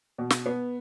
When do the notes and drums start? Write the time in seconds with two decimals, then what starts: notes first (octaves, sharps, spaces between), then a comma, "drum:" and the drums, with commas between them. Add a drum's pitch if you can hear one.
0.18 B2
0.30 drum: snare
0.46 B3